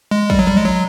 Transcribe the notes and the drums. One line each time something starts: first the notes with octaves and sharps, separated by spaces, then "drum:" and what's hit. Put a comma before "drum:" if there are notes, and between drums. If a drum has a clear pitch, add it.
G#3
G3, drum: kick
F#3
G3
G#3
F#3